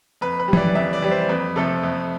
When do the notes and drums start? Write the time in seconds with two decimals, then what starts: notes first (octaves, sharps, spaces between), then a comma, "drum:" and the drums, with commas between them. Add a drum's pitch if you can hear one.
0.21 F2 B4
0.40 B4
0.48 G3
0.53 E3 D5, drum: tom
0.75 F2 E5
0.93 D5
1.02 E3 G3
1.11 C5
1.29 F2 B4
1.56 C3 F3 A3 A4
1.83 F2